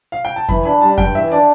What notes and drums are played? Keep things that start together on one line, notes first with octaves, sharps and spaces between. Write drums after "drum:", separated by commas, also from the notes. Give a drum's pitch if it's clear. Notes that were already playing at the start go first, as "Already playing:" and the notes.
F5
G5
A5
E3 B5, drum: kick F2
D4 B5
G3 A5
G2 G5, drum: kick F2
E3 E5
D4 D5